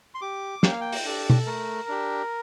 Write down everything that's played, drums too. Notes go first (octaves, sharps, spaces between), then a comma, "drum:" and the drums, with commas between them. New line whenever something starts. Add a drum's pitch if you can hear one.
C6
G4 D6
A#3 G5, drum: snare
F5
G5
drum: open hi-hat
D4 G4 A4
drum: tom
A3 A#4
D4 G4